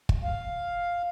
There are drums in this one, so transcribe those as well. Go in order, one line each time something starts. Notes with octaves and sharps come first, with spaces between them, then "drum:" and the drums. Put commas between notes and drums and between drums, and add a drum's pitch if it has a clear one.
drum: kick
F5